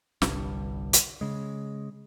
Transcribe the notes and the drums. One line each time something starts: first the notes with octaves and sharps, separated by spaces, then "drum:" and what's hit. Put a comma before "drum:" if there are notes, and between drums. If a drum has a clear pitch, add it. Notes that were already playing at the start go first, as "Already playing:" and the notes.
G1 C2 G2, drum: snare
drum: hi-hat
C#3 G#3